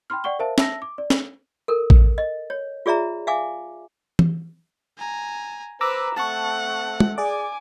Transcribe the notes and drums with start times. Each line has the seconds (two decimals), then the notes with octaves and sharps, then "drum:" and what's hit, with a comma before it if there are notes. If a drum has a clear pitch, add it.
0.10 G5 B5 C6 F6
0.24 D5 F#5 G5 C#6 G7
0.39 A#4 C5 E5 F5 A5
0.58 E5 A5 E6 A#6, drum: snare
0.82 D6
0.98 D5
1.10 drum: snare
1.68 A4 A#4
1.90 drum: kick A1
2.18 D#5
2.50 C#5
2.86 F4 G#4 D5 E5 A#5
3.27 E5 F5 G#5 D6
4.19 drum: tom E3
4.98 G#5 A#5
5.81 B4 C5 A#5 D6 E6
6.17 A3 C4 F#5 A5 C#6
7.00 drum: tom
7.18 G#4 D5 G#5 D6